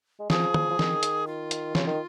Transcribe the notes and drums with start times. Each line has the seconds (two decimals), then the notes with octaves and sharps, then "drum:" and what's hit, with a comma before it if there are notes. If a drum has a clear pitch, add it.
0.20 G#3
0.30 F3 G#4, drum: snare
0.54 drum: tom
0.70 F3
0.79 D#3, drum: snare
1.03 drum: hi-hat
1.27 F4
1.51 drum: hi-hat
1.75 C#3, drum: snare
1.87 D#3